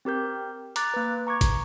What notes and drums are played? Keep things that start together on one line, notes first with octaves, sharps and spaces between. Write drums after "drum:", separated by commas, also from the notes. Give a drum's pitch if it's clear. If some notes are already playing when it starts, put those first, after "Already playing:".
C4 G4 A#4 G6
A#5 D6 F#6 A6, drum: hi-hat
A#3 B4
A#5 C#6 D6 G#6
drum: kick, hi-hat